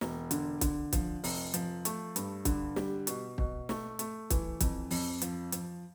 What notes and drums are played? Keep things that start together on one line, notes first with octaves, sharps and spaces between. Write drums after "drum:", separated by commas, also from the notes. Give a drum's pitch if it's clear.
E1, drum: snare
D3, drum: hi-hat
D3, drum: kick, hi-hat
F3, drum: kick, hi-hat
F1, drum: open hi-hat
F3, drum: hi-hat
A3, drum: hi-hat
G2, drum: hi-hat
D3, drum: kick, hi-hat
G3, drum: snare
B2, drum: hi-hat
B2, drum: kick
A3, drum: snare
A3, drum: hi-hat
E3, drum: kick, hi-hat
F2, drum: kick, hi-hat
F2, drum: open hi-hat
F3, drum: hi-hat
F3, drum: hi-hat